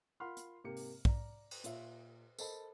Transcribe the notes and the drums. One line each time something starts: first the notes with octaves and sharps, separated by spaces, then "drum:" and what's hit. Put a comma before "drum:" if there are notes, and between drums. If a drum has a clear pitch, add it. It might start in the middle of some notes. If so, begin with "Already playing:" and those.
F4 A#4 F#5 B5 C6 F6
drum: hi-hat
G#2 C3 A#3 G4 C#7
drum: open hi-hat
D5 A#5, drum: kick
drum: cymbal
A#2 F4 C#5 E5, drum: hi-hat
A4 A#4 C5 D#5 A5 B5, drum: tambourine